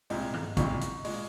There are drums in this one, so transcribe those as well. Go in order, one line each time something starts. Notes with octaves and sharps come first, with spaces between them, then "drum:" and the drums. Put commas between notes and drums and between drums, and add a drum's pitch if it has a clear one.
C2 A#2 G#3, drum: open hi-hat
drum: tom
C2 A#2 G#3 C#6, drum: kick, hi-hat
drum: hi-hat
A#2 G#3, drum: open hi-hat